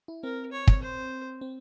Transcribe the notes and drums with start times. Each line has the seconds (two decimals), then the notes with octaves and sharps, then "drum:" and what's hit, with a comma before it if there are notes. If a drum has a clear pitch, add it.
0.08 E4
0.23 C4 A#4
0.52 C#5
0.67 drum: kick
0.82 C5
1.41 C4